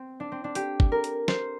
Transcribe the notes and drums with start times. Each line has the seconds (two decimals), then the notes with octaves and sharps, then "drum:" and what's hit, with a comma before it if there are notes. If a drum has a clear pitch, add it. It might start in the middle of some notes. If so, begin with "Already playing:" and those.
Already playing: C4
0.20 D4
0.32 C4
0.44 D4
0.55 G4, drum: hi-hat
0.80 drum: kick
0.92 A#4
1.04 drum: hi-hat
1.28 C5, drum: snare